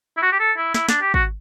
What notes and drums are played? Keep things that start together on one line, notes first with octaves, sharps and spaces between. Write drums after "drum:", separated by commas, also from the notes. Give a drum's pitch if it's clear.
E4
F#4
G4
A4
E4
E4, drum: snare
D4, drum: snare
G4
F#4, drum: kick